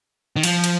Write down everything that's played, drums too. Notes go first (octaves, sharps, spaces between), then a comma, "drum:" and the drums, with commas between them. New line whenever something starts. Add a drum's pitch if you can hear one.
D#3
F3, drum: cymbal
drum: cymbal